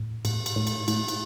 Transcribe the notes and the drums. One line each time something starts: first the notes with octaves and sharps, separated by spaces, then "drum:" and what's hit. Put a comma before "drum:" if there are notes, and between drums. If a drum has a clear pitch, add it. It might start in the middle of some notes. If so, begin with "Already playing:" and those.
Already playing: A2
A2, drum: cymbal
drum: cymbal
A2
drum: cymbal
A2, drum: cymbal
drum: cymbal